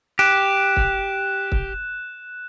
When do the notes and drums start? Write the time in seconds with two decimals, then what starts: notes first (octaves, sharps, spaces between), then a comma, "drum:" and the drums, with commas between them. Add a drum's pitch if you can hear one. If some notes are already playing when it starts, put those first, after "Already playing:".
0.19 G4 F#6 E7
0.77 drum: kick
1.52 drum: kick